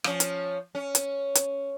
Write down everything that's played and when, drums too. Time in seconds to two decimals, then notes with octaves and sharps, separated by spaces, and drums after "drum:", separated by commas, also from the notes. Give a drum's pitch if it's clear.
0.04 F3 C#4, drum: rim click
0.20 drum: hi-hat
0.75 C#4
0.95 drum: hi-hat
1.35 drum: hi-hat